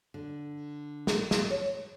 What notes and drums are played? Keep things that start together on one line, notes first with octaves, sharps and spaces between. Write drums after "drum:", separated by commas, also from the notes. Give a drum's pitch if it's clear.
D3
drum: snare
drum: snare
C#5